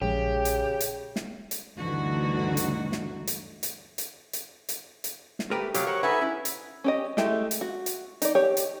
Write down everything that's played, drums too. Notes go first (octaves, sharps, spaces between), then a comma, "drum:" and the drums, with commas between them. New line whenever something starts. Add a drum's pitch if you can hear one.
A#1 C#3 F3 G#3 G4
drum: hi-hat
drum: hi-hat
drum: snare
drum: hi-hat
D2 G2 D3 E3 D#4 F#4
drum: hi-hat
drum: snare
drum: hi-hat
drum: hi-hat
drum: hi-hat
drum: hi-hat
drum: hi-hat
drum: hi-hat
drum: snare
A3 G4 A#4 B4 D5
C3 F#3 G4 F5 D6, drum: hi-hat
A#4 C5 C#5 F#5
D#4 A4 B4 C#5 E5 F#5 G#5
C#4 E4
drum: hi-hat
C#4 G4 D#5
G#3 A3 E4 G4, drum: snare
drum: hi-hat
F#4
drum: hi-hat
D#4 D5, drum: hi-hat
G4 C#5
drum: hi-hat